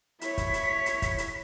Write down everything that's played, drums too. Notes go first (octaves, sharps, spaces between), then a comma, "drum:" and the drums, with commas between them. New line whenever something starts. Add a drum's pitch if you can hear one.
E4 C#5 B6, drum: hi-hat
drum: kick, hi-hat
drum: hi-hat
drum: hi-hat
drum: kick, hi-hat
drum: hi-hat